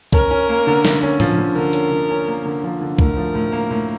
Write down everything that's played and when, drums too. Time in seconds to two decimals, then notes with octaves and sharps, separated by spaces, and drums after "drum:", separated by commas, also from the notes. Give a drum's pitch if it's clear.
0.13 C#4 A#4, drum: kick C2
0.31 C#4
0.49 A#3
0.67 D3
0.85 D3, drum: snare
1.03 C#4
1.20 F3, drum: tom A2
1.38 D3
1.56 D3 A#4
1.73 C#4, drum: hi-hat
1.91 D3
2.10 C#4
2.27 A#3
2.45 D3
2.64 F3
2.82 D3
2.99 A2 A#4, drum: kick C2
3.17 F3
3.35 A2
3.53 A#3
3.70 A2